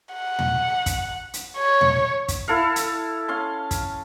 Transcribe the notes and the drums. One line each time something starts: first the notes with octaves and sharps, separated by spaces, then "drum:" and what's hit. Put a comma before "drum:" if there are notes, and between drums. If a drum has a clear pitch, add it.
F#5
drum: tom
drum: kick, hi-hat
drum: hi-hat
C#5
drum: tom
drum: kick, hi-hat
E4 A4 F5
drum: hi-hat
C#4 F5 C6
drum: kick, hi-hat